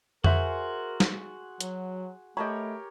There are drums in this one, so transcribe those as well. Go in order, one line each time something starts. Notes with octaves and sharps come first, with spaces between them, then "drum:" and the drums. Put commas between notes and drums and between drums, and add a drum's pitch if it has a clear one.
F#4 G#4 A#4 C5 E5 F#5 G#5 C6, drum: tom F2
drum: snare
F#3, drum: hi-hat
A3 G4 A#4 C#5 D#5 A5 B5